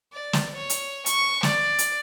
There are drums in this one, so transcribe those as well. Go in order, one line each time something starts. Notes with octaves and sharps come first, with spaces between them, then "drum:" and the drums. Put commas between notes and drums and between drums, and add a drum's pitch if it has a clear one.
D5
drum: snare
C#5
drum: hi-hat
C#6, drum: hi-hat
D5, drum: snare
drum: hi-hat